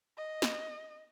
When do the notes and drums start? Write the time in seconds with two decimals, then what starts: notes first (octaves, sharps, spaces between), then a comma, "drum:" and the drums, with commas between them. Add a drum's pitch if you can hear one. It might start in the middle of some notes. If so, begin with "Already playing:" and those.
0.17 D#5
0.42 drum: snare